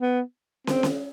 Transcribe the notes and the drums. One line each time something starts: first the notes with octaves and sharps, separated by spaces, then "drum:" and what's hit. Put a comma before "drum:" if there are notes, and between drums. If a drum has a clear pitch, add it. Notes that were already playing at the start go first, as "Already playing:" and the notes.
B3
C4, drum: snare
drum: snare